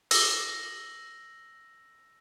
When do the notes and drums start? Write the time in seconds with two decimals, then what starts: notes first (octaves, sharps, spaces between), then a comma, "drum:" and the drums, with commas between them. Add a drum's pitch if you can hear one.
0.11 E6 A#6 F#7, drum: open hi-hat